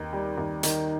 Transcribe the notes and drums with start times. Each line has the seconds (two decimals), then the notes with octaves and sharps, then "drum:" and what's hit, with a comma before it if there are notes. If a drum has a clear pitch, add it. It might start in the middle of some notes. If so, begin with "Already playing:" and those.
Already playing: D#2 D#3
0.13 G3
0.38 D#2
0.63 D#3, drum: hi-hat